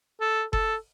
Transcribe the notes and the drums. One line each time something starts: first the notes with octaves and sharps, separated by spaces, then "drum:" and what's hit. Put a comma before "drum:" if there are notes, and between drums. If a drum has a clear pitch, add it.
A4
A4, drum: kick F#1